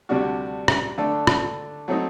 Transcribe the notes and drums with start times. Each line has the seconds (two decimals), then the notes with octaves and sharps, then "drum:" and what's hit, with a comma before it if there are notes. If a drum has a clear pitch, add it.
0.09 D2 C3 G3 D4 F#4
0.68 drum: rim click
0.98 D3 A3 D4 A4
1.27 drum: rim click
1.88 F#3 A3 C4 D#4